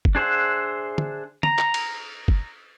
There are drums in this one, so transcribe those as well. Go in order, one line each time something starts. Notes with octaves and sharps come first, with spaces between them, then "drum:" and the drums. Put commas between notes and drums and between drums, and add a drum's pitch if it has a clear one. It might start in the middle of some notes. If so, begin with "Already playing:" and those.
drum: kick
D4 G#4 C5 E5 F#5
drum: tom
A#5, drum: tom
drum: clap
drum: cymbal
drum: kick